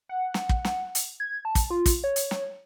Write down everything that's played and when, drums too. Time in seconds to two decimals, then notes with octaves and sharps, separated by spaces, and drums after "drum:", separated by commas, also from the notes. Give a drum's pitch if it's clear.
0.09 F#5
0.34 drum: snare
0.49 drum: kick
0.65 drum: snare
0.95 drum: hi-hat
1.20 G#6
1.45 A5
1.55 drum: kick, hi-hat
1.70 F4
1.86 drum: kick, hi-hat
2.04 C#5
2.16 drum: hi-hat
2.31 drum: snare